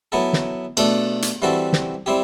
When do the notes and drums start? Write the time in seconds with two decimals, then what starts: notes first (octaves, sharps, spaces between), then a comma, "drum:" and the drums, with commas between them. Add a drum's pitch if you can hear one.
0.12 F#3 B3 E4 A4
0.33 drum: snare
0.77 B2 A3 D4 A4, drum: cymbal
1.22 drum: hi-hat
1.42 E3 G3 C4 F#4 A4
1.73 drum: snare
2.06 G3 C4 E4 G4